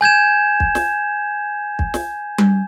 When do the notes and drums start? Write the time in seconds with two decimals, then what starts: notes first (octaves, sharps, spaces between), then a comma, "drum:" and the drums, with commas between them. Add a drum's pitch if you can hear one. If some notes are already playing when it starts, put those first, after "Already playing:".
0.01 G#5 G6 G#6 E7
0.60 drum: kick
0.75 drum: snare
1.79 drum: kick
1.94 drum: snare
2.38 drum: tom G3